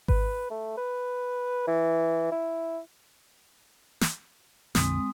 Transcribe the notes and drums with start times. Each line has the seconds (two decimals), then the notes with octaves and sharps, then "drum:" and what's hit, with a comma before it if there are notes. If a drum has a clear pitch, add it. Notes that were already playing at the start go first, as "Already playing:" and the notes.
0.08 B4, drum: kick G#1
0.50 A3
0.77 B4
1.67 E3
2.32 E4
4.01 drum: snare
4.75 A#1 F2 D3 G#3 C4 D#6, drum: snare